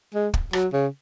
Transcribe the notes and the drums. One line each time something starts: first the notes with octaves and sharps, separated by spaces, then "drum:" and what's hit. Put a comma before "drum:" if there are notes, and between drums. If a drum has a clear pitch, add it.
G#3
drum: kick
F#3, drum: rim click
C#3